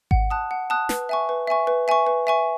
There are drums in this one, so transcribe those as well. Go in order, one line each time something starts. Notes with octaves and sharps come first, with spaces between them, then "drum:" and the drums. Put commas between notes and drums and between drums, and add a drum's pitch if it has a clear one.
F#5, drum: kick G#1
A5 D#6 F#6
F#5
A5 D#6 F#6
B4, drum: snare
E5 G#5 C#6
B4
E5 G#5 C#6
B4
E5 G#5 C#6
B4
E5 G#5 C#6